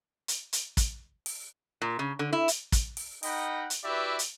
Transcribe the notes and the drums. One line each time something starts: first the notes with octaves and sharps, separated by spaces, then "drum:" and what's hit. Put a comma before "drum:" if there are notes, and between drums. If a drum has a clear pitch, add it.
drum: hi-hat
drum: hi-hat
drum: kick, hi-hat
drum: open hi-hat
A#2
C#3
D3
E4
drum: hi-hat
drum: kick, hi-hat
drum: open hi-hat
D#4 A#4 D#5 F#5 G5 B5, drum: open hi-hat
drum: hi-hat
E4 F#4 G4 B4 D5 E5
drum: hi-hat